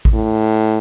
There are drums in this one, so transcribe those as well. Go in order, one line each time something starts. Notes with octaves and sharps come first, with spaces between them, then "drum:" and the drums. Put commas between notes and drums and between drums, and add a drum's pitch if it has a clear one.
drum: kick A1
A2